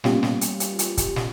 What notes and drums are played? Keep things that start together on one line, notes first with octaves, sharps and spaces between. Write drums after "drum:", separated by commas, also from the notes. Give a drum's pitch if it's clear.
G3 A#3 B3 C#4 F4 G4, drum: snare
drum: snare
drum: hi-hat
drum: hi-hat
drum: hi-hat
drum: kick, hi-hat
drum: snare